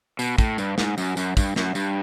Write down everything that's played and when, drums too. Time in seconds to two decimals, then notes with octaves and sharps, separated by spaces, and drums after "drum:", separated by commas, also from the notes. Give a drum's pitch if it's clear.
0.19 B2, drum: tambourine
0.38 A2, drum: kick, tambourine
0.58 G2, drum: tambourine
0.78 G#2, drum: snare
0.98 F#2, drum: tambourine
1.17 F#2, drum: tambourine
1.37 G2, drum: kick, tambourine
1.56 F#2, drum: snare
1.75 G2, drum: tambourine